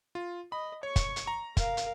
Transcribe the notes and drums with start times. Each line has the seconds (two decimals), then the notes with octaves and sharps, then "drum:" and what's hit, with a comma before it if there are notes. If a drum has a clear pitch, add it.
0.15 F4
0.52 D#5 B5
0.83 C#5 C#6
0.96 drum: kick, hi-hat
1.16 drum: hi-hat
1.27 A#5
1.57 A#4 F5, drum: kick, hi-hat
1.77 drum: hi-hat